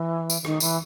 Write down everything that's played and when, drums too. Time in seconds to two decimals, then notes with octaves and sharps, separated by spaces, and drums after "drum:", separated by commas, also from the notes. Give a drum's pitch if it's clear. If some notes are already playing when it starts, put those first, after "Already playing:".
Already playing: E3
0.30 drum: tambourine
0.41 E3
0.45 D#3, drum: rim click
0.60 E3, drum: tambourine